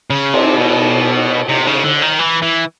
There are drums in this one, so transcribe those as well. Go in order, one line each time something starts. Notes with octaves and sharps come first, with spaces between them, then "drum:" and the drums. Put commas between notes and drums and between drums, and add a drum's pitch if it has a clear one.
C#3
C3, drum: cymbal
B2
C3
C#3
D3
D#3
E3
E3